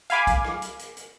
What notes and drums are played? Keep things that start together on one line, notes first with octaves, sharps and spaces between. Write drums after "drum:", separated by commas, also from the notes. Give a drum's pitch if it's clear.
F5 G#5 B5 D6, drum: hi-hat
drum: kick B1, hi-hat
drum: rim click
drum: hi-hat
drum: hi-hat
drum: hi-hat